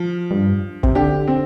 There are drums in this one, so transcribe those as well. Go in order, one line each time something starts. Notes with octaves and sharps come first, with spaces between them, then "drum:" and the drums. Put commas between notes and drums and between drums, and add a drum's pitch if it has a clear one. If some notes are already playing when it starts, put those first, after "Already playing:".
Already playing: F3
G2
C3, drum: kick
D3 G4
C4